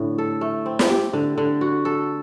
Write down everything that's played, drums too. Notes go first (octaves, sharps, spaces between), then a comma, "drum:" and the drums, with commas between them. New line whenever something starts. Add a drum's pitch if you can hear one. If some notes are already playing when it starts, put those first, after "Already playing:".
Already playing: A2 D3
A4
A3
C4
drum: snare
G4
D3
D3
F#4
A4